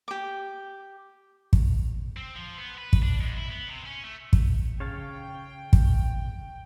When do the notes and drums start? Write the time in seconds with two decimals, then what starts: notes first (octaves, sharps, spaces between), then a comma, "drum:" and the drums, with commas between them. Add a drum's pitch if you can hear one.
0.08 G4 D6
1.53 drum: kick
2.17 C4
2.36 F3
2.58 B3
2.78 B4
2.93 drum: kick
3.02 D4
3.21 G#2
3.37 E4
3.51 B3
3.68 C3
3.86 C#4
4.03 A3
4.33 drum: kick
4.80 C#3 C#5 F5 G5 A5
5.73 drum: kick